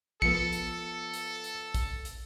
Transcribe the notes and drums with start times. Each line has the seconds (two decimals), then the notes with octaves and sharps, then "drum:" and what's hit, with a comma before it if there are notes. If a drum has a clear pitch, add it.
0.22 F3 B3 A4 C#7, drum: kick
0.52 drum: hi-hat
1.13 drum: hi-hat
1.44 drum: hi-hat
1.75 drum: kick, hi-hat
2.05 drum: hi-hat